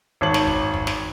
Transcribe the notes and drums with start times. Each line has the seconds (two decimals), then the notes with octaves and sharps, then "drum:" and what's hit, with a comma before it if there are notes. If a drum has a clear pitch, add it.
0.21 G#1 C#5 A5 F#7
0.34 drum: snare
0.47 drum: kick
0.74 drum: kick
0.87 drum: snare